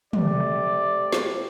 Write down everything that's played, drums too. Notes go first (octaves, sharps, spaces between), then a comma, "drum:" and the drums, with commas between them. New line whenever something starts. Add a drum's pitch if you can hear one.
C3 A3 G4 D5, drum: tom
drum: snare